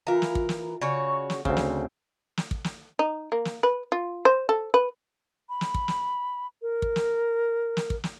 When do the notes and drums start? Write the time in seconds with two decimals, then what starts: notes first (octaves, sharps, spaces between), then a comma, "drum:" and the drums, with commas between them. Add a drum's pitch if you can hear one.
0.07 E3 F4 A#4 F5 A#5
0.22 drum: snare
0.35 drum: kick
0.49 drum: snare
0.81 C#3 F#4 C#5 D5
1.30 drum: snare
1.45 D2 C#3 C4, drum: kick
1.57 drum: snare
2.37 drum: snare
2.51 drum: kick
2.64 drum: snare
2.99 D#4
3.32 A#3
3.45 drum: snare
3.63 B4
3.92 F4
4.25 C5
4.49 A4
4.74 B4
5.49 B5
5.61 drum: snare
5.74 drum: kick
5.88 drum: snare
6.62 A#4
6.82 drum: kick
6.96 drum: snare
7.77 drum: snare
7.90 drum: kick
8.04 drum: snare